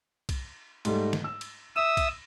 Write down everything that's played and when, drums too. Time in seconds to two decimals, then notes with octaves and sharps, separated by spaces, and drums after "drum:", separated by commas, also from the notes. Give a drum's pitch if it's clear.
0.29 drum: kick, cymbal
0.85 G#2 G3 A3, drum: cymbal
1.13 drum: snare
1.24 E6
1.41 drum: cymbal
1.76 E5 D#6 E6 E7
1.97 drum: kick, cymbal